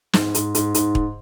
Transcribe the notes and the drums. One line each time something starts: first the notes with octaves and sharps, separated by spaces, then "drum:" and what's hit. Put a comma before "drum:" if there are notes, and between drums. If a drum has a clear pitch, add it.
G#2, drum: snare
G#2, drum: hi-hat
G#2, drum: hi-hat
G#2, drum: hi-hat
drum: kick